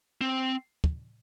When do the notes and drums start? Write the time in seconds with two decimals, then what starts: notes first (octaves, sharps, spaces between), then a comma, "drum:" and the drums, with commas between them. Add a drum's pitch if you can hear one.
0.21 C4
0.84 drum: kick